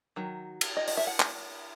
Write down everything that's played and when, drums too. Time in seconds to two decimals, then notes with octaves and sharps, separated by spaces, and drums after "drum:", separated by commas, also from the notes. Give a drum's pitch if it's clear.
0.16 D#3 F#3
0.61 drum: cymbal
0.77 D#5
0.88 D#5, drum: open hi-hat
0.97 E5
1.07 F#5
1.20 drum: clap